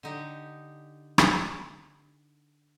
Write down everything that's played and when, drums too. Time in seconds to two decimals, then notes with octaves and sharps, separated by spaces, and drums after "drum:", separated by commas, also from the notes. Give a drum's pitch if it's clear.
0.03 D3 D#4 G4
1.18 drum: rim click